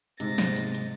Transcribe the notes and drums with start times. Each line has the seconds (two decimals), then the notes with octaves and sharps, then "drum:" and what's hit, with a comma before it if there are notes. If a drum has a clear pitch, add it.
0.20 G#2 C3 A6 A#6, drum: hi-hat
0.38 drum: snare
0.56 drum: hi-hat
0.75 drum: hi-hat